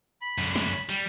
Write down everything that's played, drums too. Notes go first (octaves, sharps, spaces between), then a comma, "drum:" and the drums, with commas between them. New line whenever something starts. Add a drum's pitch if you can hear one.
B5
F#2 D3, drum: hi-hat
drum: snare
drum: hi-hat
G3, drum: open hi-hat